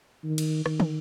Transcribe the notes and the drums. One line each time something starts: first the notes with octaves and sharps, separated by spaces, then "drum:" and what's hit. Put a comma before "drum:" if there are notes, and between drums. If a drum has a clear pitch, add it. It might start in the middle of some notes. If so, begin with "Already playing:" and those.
D#3
drum: cymbal
D#3, drum: rim click
drum: tom